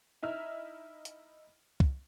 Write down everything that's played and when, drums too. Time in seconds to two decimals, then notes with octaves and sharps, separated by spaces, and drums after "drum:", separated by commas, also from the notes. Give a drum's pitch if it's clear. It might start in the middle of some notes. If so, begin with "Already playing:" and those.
0.23 D#4 E4 E5 F6
1.05 drum: hi-hat
1.80 drum: kick